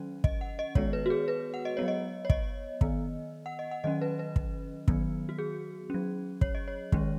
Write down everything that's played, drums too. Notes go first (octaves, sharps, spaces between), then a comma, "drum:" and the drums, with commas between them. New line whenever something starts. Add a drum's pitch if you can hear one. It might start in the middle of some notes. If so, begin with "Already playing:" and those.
Already playing: D#3 F#3 C#4
D#5, drum: kick
F#5
D#5
D#3 G#3 B3 C#5, drum: kick
B4
F#4
G#4
B4
F#5
D#5
F#3 B3 C#5
D#5
C#5
D#5, drum: kick
D#3 B3, drum: kick
F#5
D#5
F#5
D#3 F#3 C#4 D#5
B4
B4
drum: kick
D#3 F#3 B3, drum: kick
F#4
G#4
F#3 C#4
C#5, drum: kick
D#5
C#5
D#3 G#3 C#4, drum: kick